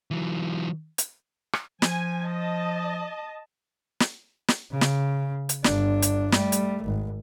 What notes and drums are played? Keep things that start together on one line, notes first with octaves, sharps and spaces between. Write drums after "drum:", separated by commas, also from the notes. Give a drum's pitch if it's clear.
E3 F#3
drum: hi-hat
drum: rim click
F3 G#5, drum: snare
D#5 A5
drum: snare
drum: snare
C#3
drum: snare
drum: hi-hat
G1 D4, drum: snare
drum: hi-hat
G3 A3, drum: snare
drum: hi-hat
G#1